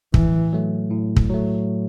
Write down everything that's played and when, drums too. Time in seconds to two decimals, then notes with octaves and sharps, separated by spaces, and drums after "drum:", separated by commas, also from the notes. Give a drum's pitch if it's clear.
0.14 A2 E3, drum: kick
0.53 F#3 A3
0.91 A2
1.16 drum: kick
1.30 F#3 A3